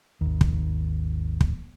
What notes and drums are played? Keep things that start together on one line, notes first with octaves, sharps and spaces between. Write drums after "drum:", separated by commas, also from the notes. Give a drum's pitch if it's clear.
G#1 D#2
drum: kick
drum: kick